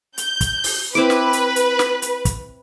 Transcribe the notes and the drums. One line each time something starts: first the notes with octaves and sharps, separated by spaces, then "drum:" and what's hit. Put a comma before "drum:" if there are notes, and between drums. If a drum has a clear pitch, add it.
G6, drum: hi-hat
drum: kick, hi-hat
drum: open hi-hat
C4 E4 B4 D6
drum: snare
drum: hi-hat
drum: hi-hat
drum: snare
drum: hi-hat
drum: kick, hi-hat